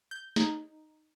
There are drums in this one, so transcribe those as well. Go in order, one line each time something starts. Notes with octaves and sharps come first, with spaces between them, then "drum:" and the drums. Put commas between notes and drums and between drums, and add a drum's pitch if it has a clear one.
G6
D#4, drum: snare